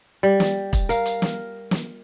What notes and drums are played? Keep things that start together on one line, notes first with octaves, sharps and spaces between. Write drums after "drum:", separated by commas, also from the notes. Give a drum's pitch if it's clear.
G3
drum: snare
drum: kick, hi-hat
A#4 F5, drum: hi-hat
drum: hi-hat
drum: snare
drum: snare